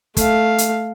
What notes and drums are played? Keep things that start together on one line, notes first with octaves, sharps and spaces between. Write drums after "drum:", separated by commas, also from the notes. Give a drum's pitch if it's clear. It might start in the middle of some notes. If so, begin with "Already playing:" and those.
A3 F5, drum: kick, hi-hat
drum: hi-hat